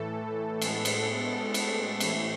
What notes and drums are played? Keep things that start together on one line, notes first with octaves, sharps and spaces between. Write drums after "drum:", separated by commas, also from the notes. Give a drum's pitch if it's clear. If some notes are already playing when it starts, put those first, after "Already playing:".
Already playing: A2 E3 A3 A4
A2 G#3 B3, drum: cymbal
drum: cymbal
drum: cymbal
A2 E3 A3, drum: cymbal